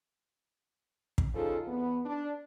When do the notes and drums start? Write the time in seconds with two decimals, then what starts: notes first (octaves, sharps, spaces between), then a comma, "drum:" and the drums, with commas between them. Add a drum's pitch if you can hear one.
1.18 drum: kick
1.34 C#3 F3 D#4 F4 G#4 A4
1.67 E2 B3
2.05 D4